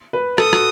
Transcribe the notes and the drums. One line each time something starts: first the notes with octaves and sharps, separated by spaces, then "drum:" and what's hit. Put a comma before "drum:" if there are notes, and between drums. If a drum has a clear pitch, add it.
B4
A4 D#6, drum: rim click
F#4, drum: rim click